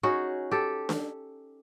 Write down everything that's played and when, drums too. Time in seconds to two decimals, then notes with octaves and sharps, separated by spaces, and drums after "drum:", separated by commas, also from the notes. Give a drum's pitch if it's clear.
0.03 C#4 D#4 F#4 G#4
0.51 G4 A4
0.89 drum: snare D4